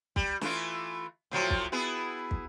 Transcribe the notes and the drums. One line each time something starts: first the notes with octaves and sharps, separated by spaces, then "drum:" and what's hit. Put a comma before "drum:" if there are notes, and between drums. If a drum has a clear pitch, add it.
G3, drum: kick
E3 A3 F4, drum: snare
A2 F3 F#3
drum: kick
B3 E4 G#4
drum: kick